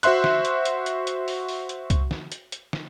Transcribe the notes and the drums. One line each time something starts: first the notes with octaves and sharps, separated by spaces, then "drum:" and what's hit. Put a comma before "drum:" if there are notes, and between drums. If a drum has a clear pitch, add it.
F#4 C5 E5 C6 F#6, drum: hi-hat
drum: snare
drum: hi-hat
drum: hi-hat
drum: hi-hat
drum: hi-hat
drum: open hi-hat
drum: open hi-hat
drum: hi-hat
drum: kick C2, hi-hat
drum: snare
drum: hi-hat
drum: hi-hat
drum: snare